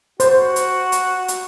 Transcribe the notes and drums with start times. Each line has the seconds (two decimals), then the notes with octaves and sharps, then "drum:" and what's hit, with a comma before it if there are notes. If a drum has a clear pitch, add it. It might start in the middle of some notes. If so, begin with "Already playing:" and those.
0.20 F#4 C5, drum: hi-hat
0.56 drum: hi-hat
0.92 drum: hi-hat
1.28 drum: hi-hat